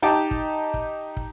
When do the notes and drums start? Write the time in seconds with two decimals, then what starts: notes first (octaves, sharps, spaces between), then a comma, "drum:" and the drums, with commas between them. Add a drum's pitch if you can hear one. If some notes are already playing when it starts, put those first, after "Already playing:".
0.02 D#4 G4 G5 A5 D6
0.31 drum: kick
0.74 drum: kick
1.17 drum: kick